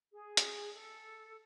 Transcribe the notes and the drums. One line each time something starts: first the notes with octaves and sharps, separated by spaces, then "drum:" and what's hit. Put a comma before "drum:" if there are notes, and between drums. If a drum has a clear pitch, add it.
G#4
drum: hi-hat
A4